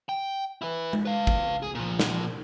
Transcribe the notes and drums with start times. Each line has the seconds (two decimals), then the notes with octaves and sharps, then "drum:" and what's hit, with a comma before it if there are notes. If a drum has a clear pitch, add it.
0.09 G5
0.62 E4 B4
0.93 drum: tom G#3
1.05 B4 F5
1.27 drum: kick
1.63 G#4
1.75 A#2 F3
2.00 drum: snare